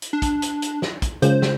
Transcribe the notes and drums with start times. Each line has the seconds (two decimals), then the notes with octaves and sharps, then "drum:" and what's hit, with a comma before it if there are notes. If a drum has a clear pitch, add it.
0.02 drum: hi-hat
0.13 D4
0.22 drum: kick, hi-hat
0.42 drum: hi-hat
0.62 drum: hi-hat
0.82 drum: snare
1.02 drum: kick, hi-hat
1.22 C#3 G#3 F4 C5, drum: hi-hat
1.42 drum: snare